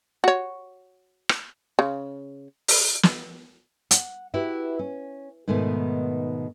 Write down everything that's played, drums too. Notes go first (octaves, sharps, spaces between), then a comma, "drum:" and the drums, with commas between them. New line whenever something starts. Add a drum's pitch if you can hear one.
F#4 C#5
drum: rim click
C#3
drum: open hi-hat
drum: snare
F#5, drum: hi-hat
E4 F#4 G4 B4 E5
C#4
G#2 B2 D#3 A3 B3